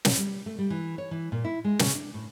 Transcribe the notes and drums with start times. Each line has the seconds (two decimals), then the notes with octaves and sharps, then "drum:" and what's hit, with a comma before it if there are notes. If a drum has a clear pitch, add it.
0.05 drum: snare
0.17 G3
0.46 A3
0.58 G3
0.70 E3
0.98 C#5
1.11 E3
1.32 A#2
1.44 E4
1.64 G#3
1.79 C#3, drum: snare
1.93 D4
2.14 A2